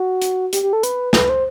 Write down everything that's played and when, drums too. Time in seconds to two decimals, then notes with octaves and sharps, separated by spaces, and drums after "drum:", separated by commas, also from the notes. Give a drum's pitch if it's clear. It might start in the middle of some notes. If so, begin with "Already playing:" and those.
Already playing: F#4
0.22 drum: hi-hat
0.53 G4, drum: hi-hat
0.63 G4
0.73 A4
0.83 B4, drum: hi-hat
1.13 B4, drum: snare
1.29 C5